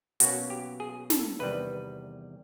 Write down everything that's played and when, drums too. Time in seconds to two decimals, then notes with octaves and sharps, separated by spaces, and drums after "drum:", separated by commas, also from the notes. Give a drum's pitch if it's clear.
0.20 B2 F#3 A#3 C#4 F#4, drum: hi-hat
0.50 G4
0.80 G#4
1.10 A4, drum: snare
1.39 E2 C3 D#3 G3 B4